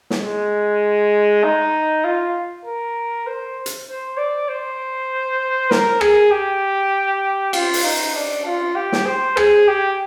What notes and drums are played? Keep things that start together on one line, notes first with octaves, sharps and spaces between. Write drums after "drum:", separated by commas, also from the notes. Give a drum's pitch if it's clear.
drum: snare
G#3
D#4
F4
A#4
C5
drum: hi-hat
C5
D5
C5
A#4, drum: snare
G#4, drum: rim click
G4
F4, drum: cymbal
drum: open hi-hat
D#4
D4
F4
G4
drum: snare
C5
G#4, drum: rim click
G4